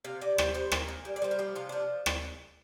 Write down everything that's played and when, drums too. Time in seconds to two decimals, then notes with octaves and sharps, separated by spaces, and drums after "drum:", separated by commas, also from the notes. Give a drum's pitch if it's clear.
0.05 C3 F5
0.21 C3 D5
0.38 G3 C5, drum: rim click
0.54 G3 C5
0.72 A#2 A#4, drum: rim click
0.88 A#2
1.05 G3
1.16 D5
1.22 G3 C5
1.31 A#4
1.39 F3 G4
1.55 C3 F4
1.69 F3 D4
2.06 drum: rim click